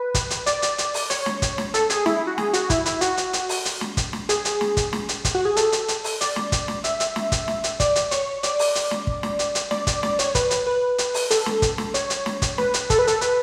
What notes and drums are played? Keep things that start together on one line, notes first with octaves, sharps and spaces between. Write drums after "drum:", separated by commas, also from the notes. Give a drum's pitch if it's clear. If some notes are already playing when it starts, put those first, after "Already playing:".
Already playing: B4
drum: kick, hi-hat
drum: hi-hat
D5, drum: hi-hat
drum: hi-hat
drum: hi-hat
drum: open hi-hat
C#5, drum: hi-hat
drum: snare
drum: kick, hi-hat
drum: snare
A4, drum: hi-hat
G#4, drum: hi-hat
E4, drum: snare
E4
F#4
G#4, drum: snare
F#4, drum: hi-hat
E4, drum: kick, hi-hat
E4, drum: hi-hat
F#4, drum: hi-hat
drum: hi-hat
drum: hi-hat
drum: open hi-hat
drum: hi-hat
drum: snare
drum: kick, hi-hat
drum: snare
G#4, drum: hi-hat
drum: hi-hat
drum: snare
drum: kick, hi-hat
drum: snare
drum: hi-hat
drum: kick, hi-hat
F#4
G#4
A4, drum: hi-hat
drum: hi-hat
drum: hi-hat
drum: open hi-hat
D5, drum: hi-hat
drum: snare
drum: kick, hi-hat
drum: snare
E5, drum: hi-hat
drum: hi-hat
drum: snare
drum: kick, hi-hat
drum: snare
drum: hi-hat
D5, drum: kick, hi-hat
drum: hi-hat
C#5, drum: hi-hat
D5, drum: hi-hat
drum: open hi-hat
drum: hi-hat
drum: snare
drum: kick
drum: snare
drum: hi-hat
drum: hi-hat
D5, drum: snare
D5, drum: kick, hi-hat
D5, drum: snare
C#5, drum: hi-hat
B4, drum: kick, hi-hat
drum: hi-hat
B4
drum: hi-hat
drum: open hi-hat
A4, drum: hi-hat
drum: snare
drum: kick, hi-hat
drum: snare
C#5, drum: hi-hat
drum: hi-hat
drum: snare
drum: kick, hi-hat
B4, drum: snare
drum: hi-hat
A4, drum: kick, hi-hat
B4
A4, drum: hi-hat
B4, drum: hi-hat